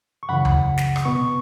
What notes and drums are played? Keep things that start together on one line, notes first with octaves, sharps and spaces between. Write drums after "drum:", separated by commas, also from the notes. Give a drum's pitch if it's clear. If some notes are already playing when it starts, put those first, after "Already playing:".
C#6
F#2 C#3 E3 F#5 B5
drum: tom C#2
drum: snare
drum: rim click
B2 B3 C#6